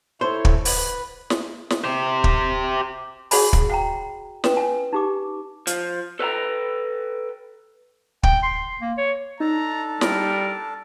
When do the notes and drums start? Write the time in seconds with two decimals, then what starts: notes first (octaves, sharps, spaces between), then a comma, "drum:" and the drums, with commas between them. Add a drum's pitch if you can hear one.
0.21 E4 A4 C5 C#5
0.45 drum: kick
0.65 B4, drum: open hi-hat
1.30 drum: snare
1.70 drum: snare
1.84 G4 C5
2.24 drum: kick
3.31 F#4 G#4 C#5 F#5 G#5 B5, drum: open hi-hat
3.53 drum: kick
3.70 F#5 G5 A#5
4.44 C#4 B4, drum: snare
4.57 G#5
4.93 D#4 G4 D6
5.67 F3, drum: hi-hat
6.19 A4 B4 C5 F5 G5 A#5
8.23 G5, drum: kick
8.43 C6
8.81 A#3
8.98 C#5
9.40 D4 D#4 A4 A5 A#5
10.01 G3 A#4, drum: snare